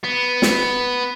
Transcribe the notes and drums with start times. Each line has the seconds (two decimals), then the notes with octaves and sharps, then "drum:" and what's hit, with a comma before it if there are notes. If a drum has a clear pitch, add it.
0.04 B3
0.42 drum: snare